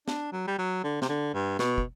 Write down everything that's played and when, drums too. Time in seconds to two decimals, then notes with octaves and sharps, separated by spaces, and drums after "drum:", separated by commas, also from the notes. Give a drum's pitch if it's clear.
0.08 D4, drum: snare
0.33 F#3
0.47 G3
0.58 F#3
0.84 D3
1.02 C3, drum: snare
1.09 D3
1.34 G2
1.59 B2, drum: snare
1.78 drum: kick